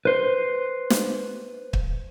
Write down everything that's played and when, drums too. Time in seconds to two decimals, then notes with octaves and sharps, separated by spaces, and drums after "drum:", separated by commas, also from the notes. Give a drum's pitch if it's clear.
0.05 B4 C5
0.90 drum: snare
1.73 drum: kick